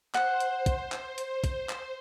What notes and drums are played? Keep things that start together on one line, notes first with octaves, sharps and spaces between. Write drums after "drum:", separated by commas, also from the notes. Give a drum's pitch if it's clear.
C5 F#5, drum: clap
drum: hi-hat
drum: kick, hi-hat
drum: clap
drum: hi-hat
drum: kick, hi-hat
drum: clap